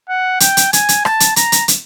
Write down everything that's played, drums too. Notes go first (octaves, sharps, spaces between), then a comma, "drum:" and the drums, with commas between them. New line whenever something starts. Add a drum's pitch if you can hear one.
F#5
G5, drum: hi-hat
drum: hi-hat
G#5, drum: hi-hat
drum: hi-hat
A5, drum: rim click
drum: hi-hat
A#5, drum: hi-hat
drum: hi-hat
drum: hi-hat